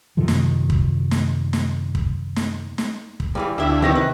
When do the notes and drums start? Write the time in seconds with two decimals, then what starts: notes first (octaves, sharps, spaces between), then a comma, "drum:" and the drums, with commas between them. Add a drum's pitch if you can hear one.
0.17 F#2 C3 D#3 F3
0.28 drum: snare
0.70 drum: kick
1.11 drum: snare
1.53 drum: snare
1.95 drum: kick
2.36 drum: snare
2.78 drum: snare
3.20 drum: kick
3.35 G2 E3 G3
3.58 D2 A#3 D4 E4 G4 E5
3.82 C3 D#3 B3 C#4 G4 A#6
3.95 B4